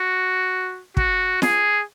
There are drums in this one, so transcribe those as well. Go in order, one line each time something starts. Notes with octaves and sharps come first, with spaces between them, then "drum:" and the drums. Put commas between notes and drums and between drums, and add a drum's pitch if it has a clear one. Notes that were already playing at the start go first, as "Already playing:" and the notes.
Already playing: F#4
F#4, drum: kick
G#4, drum: snare